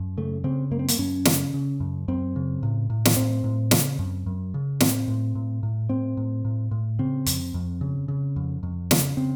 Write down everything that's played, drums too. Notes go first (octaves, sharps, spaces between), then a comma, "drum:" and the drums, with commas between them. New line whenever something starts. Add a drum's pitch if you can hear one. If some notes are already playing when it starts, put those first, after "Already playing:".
Already playing: F#2
C#3 A3
C#3 C4
F#2 A#3
C4
A#3, drum: hi-hat
F#2 C#4
C#3, drum: snare
C#3
F#2
F#2 C4
C#3
A2
A2
drum: snare
A2 C4
A2
C#3, drum: snare
F#2
F#2
C#3
A2 C4, drum: snare
A2
A2
A2
A2 C4
A2
A2
A2
C#3 C4
F2, drum: hi-hat
F2
C#3
C#3
F2
F2
C#3, drum: snare
C#3 C4